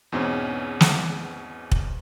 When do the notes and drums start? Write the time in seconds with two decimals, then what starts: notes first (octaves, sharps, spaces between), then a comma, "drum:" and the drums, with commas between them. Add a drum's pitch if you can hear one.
0.12 E2 G#2 B2 C4 C#4
0.81 drum: snare
1.72 drum: kick